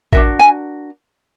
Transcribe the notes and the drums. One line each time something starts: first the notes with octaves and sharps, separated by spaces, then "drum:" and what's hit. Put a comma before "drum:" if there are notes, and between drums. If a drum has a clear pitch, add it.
D4 F#4 A#4 E5, drum: kick A1
G#5